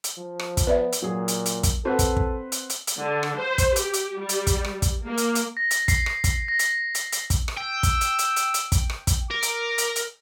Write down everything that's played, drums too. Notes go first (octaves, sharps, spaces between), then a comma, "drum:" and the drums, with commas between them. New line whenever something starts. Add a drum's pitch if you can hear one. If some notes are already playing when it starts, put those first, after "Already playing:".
drum: hi-hat
F3
drum: rim click
drum: kick, hi-hat
B3 B4 D5 E5
drum: hi-hat
A#2 F#3 G#4
drum: hi-hat
drum: hi-hat
drum: kick, hi-hat
C4 F#4 A4 B4 F#5
drum: kick, hi-hat
drum: kick
drum: hi-hat
drum: hi-hat
drum: hi-hat
D3
drum: rim click
C5
drum: kick, hi-hat
G4, drum: hi-hat
drum: hi-hat
G3
drum: hi-hat
drum: kick, hi-hat
drum: rim click
drum: kick, hi-hat
A#3
drum: hi-hat
drum: hi-hat
A#6
drum: hi-hat
C7, drum: kick, hi-hat
drum: rim click
drum: kick, hi-hat
A#6
drum: hi-hat
drum: hi-hat
drum: hi-hat
drum: kick, hi-hat
drum: rim click
G5 E6
drum: kick, hi-hat
drum: hi-hat
drum: hi-hat
drum: hi-hat
drum: hi-hat
drum: kick, hi-hat
drum: rim click
drum: kick, hi-hat
A#4 D6
drum: hi-hat
drum: hi-hat
drum: hi-hat